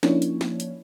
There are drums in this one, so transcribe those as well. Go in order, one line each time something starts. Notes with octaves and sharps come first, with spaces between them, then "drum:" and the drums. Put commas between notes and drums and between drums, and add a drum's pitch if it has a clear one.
F3 A#3 C#4 D4 E4 C#5, drum: snare
drum: hi-hat
drum: snare
drum: hi-hat